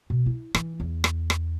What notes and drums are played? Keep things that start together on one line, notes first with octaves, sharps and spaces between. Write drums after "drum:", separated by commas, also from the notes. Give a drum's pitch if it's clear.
B2
E4
E3, drum: rim click
E2
drum: rim click
drum: rim click